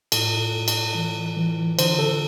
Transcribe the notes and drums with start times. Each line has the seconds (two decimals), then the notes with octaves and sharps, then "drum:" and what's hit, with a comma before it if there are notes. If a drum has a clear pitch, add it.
0.12 A2 A4, drum: cymbal
0.54 A2
0.68 drum: cymbal
0.95 E3
1.37 E3
1.79 D3 C5, drum: cymbal
1.99 A4